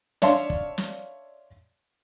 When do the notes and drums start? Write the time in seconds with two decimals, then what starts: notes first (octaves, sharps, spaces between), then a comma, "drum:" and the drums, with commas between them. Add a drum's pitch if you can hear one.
0.22 C#5 D5 E5 F5 A5 C6, drum: snare
0.50 drum: kick
0.78 drum: snare